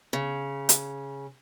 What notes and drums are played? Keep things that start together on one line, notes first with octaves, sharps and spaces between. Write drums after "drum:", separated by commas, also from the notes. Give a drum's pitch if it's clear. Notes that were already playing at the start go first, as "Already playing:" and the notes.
C#3
drum: hi-hat